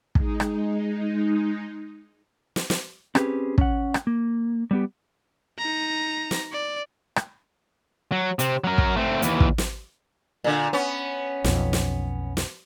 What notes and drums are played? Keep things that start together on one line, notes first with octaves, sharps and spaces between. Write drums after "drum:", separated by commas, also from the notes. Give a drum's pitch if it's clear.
G#3 D#4, drum: kick
drum: rim click
drum: snare
drum: snare
C4 C#4 G4 G#4 B4, drum: rim click
C#4 F#5, drum: kick
drum: rim click
A#3
G3 B3 G4
D#4 A#5
drum: snare
D5
drum: rim click
F#3
C3 C4, drum: hi-hat
F#3 A#4
drum: kick
A3 C4
D#2 E3, drum: hi-hat
drum: kick
drum: snare
A#2 D3
B3 C#4
B1 F2, drum: snare
drum: snare
drum: snare